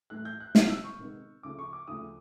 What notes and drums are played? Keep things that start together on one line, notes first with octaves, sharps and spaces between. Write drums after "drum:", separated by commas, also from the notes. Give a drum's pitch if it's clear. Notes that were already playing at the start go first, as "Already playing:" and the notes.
A2 E3 A3 F#6
G6
F#6
C3 D#3 G#3 B3 F6, drum: snare
E6
C#6
C3 D#3 G#3 B3
D2 C#3 F3 A3 D6
C#6
D6
D2 C#3 F3 A3 D#6